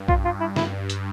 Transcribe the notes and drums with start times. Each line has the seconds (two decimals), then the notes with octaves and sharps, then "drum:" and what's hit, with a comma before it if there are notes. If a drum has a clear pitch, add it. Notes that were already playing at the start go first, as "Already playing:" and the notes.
Already playing: G2
0.08 F4, drum: kick B1
0.25 F4
0.40 E4
0.56 E4, drum: snare
0.90 drum: hi-hat